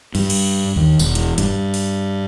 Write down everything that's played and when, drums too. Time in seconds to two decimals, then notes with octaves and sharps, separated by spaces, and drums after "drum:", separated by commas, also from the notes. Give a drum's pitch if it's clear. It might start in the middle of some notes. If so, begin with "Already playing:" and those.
0.15 G2, drum: open hi-hat
0.30 drum: cymbal
0.76 D#2
0.99 E1, drum: tambourine
1.15 drum: hi-hat
1.38 G2, drum: hi-hat
1.74 drum: open hi-hat